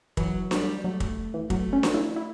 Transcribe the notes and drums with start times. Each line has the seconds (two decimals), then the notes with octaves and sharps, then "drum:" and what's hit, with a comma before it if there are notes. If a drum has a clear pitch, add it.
0.17 E3 F#3, drum: kick
0.51 G3, drum: snare D4
0.84 F#3 A3
1.00 drum: kick
1.34 E3
1.50 F#3 A3, drum: kick
1.73 C#4
1.83 drum: snare D4
1.94 E4
2.16 E4